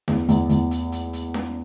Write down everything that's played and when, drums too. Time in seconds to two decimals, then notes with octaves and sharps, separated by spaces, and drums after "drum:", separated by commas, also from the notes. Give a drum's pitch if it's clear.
0.08 E2, drum: snare C#4
0.29 E2, drum: hi-hat
0.49 E2, drum: hi-hat
0.71 drum: hi-hat
0.92 drum: hi-hat
1.13 drum: hi-hat
1.34 drum: snare C#4